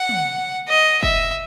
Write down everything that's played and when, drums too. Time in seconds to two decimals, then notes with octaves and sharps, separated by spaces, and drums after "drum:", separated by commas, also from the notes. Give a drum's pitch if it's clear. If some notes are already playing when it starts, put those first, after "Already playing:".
Already playing: F#5
0.09 drum: tom
0.69 D#5
1.03 E5, drum: kick